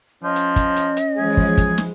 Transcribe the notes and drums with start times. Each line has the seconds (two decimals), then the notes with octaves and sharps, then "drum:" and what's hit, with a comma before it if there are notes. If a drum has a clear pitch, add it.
0.23 F3 C#4 D#5
0.36 drum: hi-hat
0.56 drum: kick, hi-hat
0.76 drum: hi-hat
0.97 drum: hi-hat
1.17 E3 F3 G#3 G#4
1.37 drum: kick
1.57 drum: kick, hi-hat
1.78 drum: snare